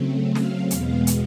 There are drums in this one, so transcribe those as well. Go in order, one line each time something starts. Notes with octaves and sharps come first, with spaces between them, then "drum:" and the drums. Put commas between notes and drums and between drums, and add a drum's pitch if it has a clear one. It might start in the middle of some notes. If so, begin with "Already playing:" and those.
Already playing: C#3 F#3 A3 C4
F5, drum: snare
E2 B2 G#3 B3 F5, drum: hi-hat
drum: hi-hat